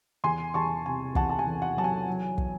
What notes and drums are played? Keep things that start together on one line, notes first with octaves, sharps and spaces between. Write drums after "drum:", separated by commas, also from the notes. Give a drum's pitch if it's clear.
E2 G#5 C6
E2 A5 C#6
C3 G#5
E2 F#5 A5, drum: kick
A5
G#5
E2
F#5
F#3 A5
G#5
F#3
drum: kick